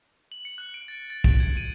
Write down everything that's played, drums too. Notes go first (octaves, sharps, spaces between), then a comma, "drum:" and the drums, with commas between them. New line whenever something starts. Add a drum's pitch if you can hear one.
F#7
C#7
F#6
D7
A6
A6
D7, drum: kick
G#6
D#7